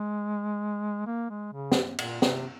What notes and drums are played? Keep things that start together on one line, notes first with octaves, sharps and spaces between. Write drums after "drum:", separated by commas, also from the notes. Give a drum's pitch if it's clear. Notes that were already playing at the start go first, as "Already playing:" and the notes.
Already playing: G#3
A#3
G#3
C#3
drum: snare
A#2, drum: cymbal
C3, drum: snare